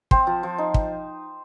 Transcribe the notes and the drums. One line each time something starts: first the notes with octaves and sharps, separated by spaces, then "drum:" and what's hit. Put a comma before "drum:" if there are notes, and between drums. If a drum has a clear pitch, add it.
C4 C5, drum: kick
F3
F3
D#4
drum: kick